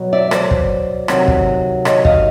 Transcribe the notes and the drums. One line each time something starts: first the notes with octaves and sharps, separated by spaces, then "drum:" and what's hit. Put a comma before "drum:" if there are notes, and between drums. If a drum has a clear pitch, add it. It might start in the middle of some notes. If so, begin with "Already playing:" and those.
Already playing: B2 F#3
D5 E5
C5 D5, drum: rim click
drum: kick
C3 D#3 F#3, drum: rim click
drum: kick
C#5 D#5, drum: rim click
D#5 F5, drum: kick